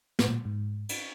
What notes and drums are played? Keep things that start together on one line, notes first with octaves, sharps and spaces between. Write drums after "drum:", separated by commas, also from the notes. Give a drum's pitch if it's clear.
A2, drum: snare
A#2
G#2
drum: cymbal